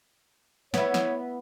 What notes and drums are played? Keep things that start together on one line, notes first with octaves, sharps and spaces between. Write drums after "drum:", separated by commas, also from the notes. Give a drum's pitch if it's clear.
B3 E4 C#5, drum: snare
drum: snare